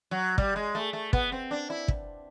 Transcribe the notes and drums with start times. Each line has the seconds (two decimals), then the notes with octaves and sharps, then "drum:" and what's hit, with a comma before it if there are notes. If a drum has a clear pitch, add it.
0.11 F#3
0.38 G3, drum: kick
0.56 G#3
0.75 A3
0.93 A3
1.13 B3, drum: kick
1.32 C4
1.51 D4
1.70 E4
1.88 drum: kick